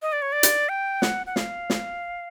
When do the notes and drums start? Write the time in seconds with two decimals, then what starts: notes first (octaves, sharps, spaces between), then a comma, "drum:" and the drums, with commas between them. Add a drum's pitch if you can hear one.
0.02 D#5
0.12 D5
0.22 C#5
0.32 D5
0.43 drum: hi-hat
0.69 G5
1.02 F#5, drum: snare
1.26 F#5
1.36 F5, drum: snare
1.70 drum: snare